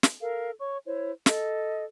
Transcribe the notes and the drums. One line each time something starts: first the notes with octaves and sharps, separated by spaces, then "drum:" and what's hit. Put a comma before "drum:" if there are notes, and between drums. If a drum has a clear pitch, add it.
drum: snare
A4 A#4 F5
C#5 C#6
E4 C5 C#5
A4 D#5, drum: snare